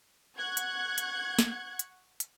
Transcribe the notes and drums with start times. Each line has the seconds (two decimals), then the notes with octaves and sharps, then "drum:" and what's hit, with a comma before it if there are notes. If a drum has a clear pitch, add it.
0.37 F#5 C#6 F#6 G#6
0.57 drum: hi-hat
0.98 drum: hi-hat
1.39 drum: snare
1.79 drum: hi-hat
2.20 drum: hi-hat